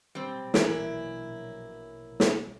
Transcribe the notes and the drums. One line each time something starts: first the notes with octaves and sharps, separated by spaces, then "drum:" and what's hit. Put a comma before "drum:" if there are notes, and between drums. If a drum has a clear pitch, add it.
A#1 B2 F#3 G3 C4
A#2 E3 E4 A#4 D7, drum: snare
drum: snare